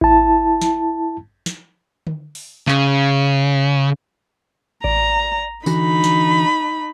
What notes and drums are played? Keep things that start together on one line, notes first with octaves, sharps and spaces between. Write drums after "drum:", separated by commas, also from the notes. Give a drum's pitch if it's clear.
E4 A5, drum: kick A1
drum: snare
drum: snare
drum: tom D3
drum: open hi-hat
C#3, drum: clap
D5 A#5, drum: kick A1
D3 E3 D#4 F#4 B5, drum: tambourine
drum: snare